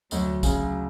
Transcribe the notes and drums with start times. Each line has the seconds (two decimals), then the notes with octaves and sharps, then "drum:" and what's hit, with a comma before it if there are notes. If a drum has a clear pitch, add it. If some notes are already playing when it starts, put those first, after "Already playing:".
0.11 D2 F#3, drum: tambourine
0.43 C#3, drum: kick, tambourine
0.59 F#3